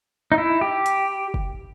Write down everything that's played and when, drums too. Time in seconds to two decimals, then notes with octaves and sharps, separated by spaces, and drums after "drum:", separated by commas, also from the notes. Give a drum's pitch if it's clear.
0.32 D#4
0.38 E4
0.61 G4
0.86 drum: hi-hat
1.34 drum: kick